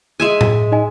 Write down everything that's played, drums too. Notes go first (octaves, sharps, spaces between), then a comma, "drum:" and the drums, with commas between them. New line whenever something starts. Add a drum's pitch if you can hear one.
G#3 E5 G#5
drum: tom A2
D#4 D#5 G#5